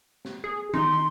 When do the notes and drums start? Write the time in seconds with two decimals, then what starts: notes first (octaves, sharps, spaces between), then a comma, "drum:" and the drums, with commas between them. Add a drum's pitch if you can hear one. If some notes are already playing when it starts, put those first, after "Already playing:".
0.25 drum: snare
0.44 G#4
0.74 D#4 C6, drum: tom D#3